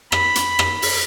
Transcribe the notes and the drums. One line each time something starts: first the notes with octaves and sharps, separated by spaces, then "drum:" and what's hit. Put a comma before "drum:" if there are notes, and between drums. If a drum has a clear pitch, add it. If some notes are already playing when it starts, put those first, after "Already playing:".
B5, drum: rim click
drum: hi-hat
drum: rim click
drum: open hi-hat